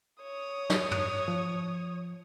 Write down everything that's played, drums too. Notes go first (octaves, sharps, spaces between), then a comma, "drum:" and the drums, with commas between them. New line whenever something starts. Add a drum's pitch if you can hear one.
C#5 D#6
drum: snare
drum: tom
F3